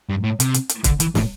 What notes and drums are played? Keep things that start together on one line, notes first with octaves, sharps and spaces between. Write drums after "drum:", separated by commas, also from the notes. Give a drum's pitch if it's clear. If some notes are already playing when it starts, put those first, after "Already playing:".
G2
A2
C3, drum: hi-hat
drum: hi-hat
drum: hi-hat
D3, drum: kick, hi-hat
E3, drum: hi-hat
A2, drum: snare